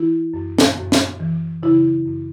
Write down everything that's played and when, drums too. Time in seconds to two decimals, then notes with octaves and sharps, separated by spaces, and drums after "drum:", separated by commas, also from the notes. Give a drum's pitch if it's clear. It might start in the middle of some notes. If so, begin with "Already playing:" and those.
Already playing: E3 E4
0.34 F#2
0.58 drum: snare
0.77 F#2
0.92 drum: snare
1.20 E3
1.63 C#3 E4
2.06 F#2